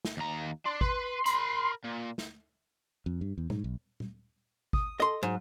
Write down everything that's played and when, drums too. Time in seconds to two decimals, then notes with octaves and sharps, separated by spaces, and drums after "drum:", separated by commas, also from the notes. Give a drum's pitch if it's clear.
0.05 drum: snare
0.17 D#2 A#5
0.65 D4 C6
0.81 B4, drum: kick G#1
1.26 A#4 B5, drum: hi-hat
1.84 A#2
2.18 drum: snare
3.06 F2
3.21 G2
3.38 E2
3.50 G#2, drum: tom A#2
3.64 B1
4.00 drum: tom A#2
4.73 D#6, drum: kick G#1
5.00 A4 D#5 C6
5.23 G#2 F#3